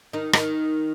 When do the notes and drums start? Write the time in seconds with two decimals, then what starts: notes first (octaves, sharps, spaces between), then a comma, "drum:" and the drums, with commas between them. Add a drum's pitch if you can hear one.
0.13 D#3 D#4
0.33 D#3 D#4, drum: rim click